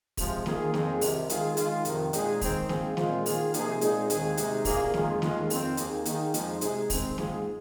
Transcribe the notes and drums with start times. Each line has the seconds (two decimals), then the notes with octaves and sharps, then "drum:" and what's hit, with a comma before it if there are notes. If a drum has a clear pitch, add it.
0.17 C3 F3 G#3, drum: kick, open hi-hat
0.46 D#3 A#3 F4 G#4, drum: snare
0.74 F2 D#3 C4 G#4, drum: snare
1.01 C2 C3 D#3, drum: open hi-hat
1.29 D#3 G#3 F4 G#4, drum: hi-hat
1.57 D#3 G#3 F4, drum: hi-hat
1.85 F2 C3 D#3, drum: hi-hat
2.13 A#2 G#3 D#4 G#4, drum: hi-hat
2.41 D#3 G#3 C4, drum: kick, open hi-hat
2.69 G#2 F3 C4 F4 G#4, drum: snare
2.97 A#2 G#3 C4 F4, drum: snare
3.26 D#3 A#3 F4 G#4, drum: open hi-hat
3.54 C3 F3 A#3 D#4 G#4, drum: hi-hat
3.81 A#2 G#3 C4 D#4 G#4, drum: hi-hat
4.10 D#2 D#3 G#3 C4 G#4, drum: hi-hat
4.37 C3 G#3 D#4 G#4, drum: hi-hat
4.65 C2 A#2 A#3 G#4, drum: kick, open hi-hat
4.94 F2 D#3 G#3 F4 G#4, drum: snare
5.22 D#2 D#3 G#3 F4, drum: snare
5.50 F2 D#3 C4, drum: open hi-hat
5.77 D#2 D#3 A#3 D#4 G#4, drum: hi-hat
6.05 D#3 A#3 D#4 G#4, drum: hi-hat
6.34 F2 F3 G#3 D#4 G#4, drum: hi-hat
6.61 C3 G#3 D#4 G#4, drum: hi-hat
6.90 D#3 G#3 C4, drum: kick, open hi-hat
7.18 G#2 G#3 F4 G#4, drum: snare